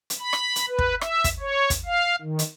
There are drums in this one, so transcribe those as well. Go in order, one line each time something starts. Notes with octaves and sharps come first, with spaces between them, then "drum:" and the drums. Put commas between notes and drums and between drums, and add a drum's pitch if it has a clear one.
drum: hi-hat
B5
drum: rim click
drum: hi-hat
B4
drum: kick
E5, drum: rim click
drum: kick, hi-hat
C#5
drum: kick, hi-hat
F5
D#3
drum: hi-hat